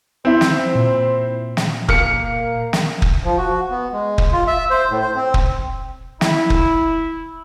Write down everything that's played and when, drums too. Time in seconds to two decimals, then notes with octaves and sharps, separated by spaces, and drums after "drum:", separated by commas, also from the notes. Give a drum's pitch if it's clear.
0.25 C4 E4 C5
0.41 drum: snare
0.75 A#2
1.57 drum: snare
1.89 A#3 F6 C#7, drum: kick
2.73 drum: snare
3.02 drum: kick
3.24 F3
3.38 F#4
3.70 B3
3.92 G#3
4.18 drum: kick
4.32 F4
4.47 E5
4.70 C5
4.90 A2
5.01 C5
5.16 C4
5.34 drum: kick
6.21 E4, drum: snare
6.50 drum: kick